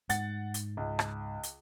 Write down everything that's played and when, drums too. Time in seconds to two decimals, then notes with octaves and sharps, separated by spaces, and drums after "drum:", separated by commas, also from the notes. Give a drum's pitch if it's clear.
0.09 G#2 F#5 A6, drum: hi-hat
0.54 drum: hi-hat
0.77 C#2
0.99 drum: rim click
1.43 drum: hi-hat